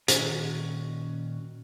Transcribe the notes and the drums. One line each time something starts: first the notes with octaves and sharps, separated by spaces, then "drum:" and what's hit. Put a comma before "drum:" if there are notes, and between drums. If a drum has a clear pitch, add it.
A#2 D#3 C#4 F#4, drum: hi-hat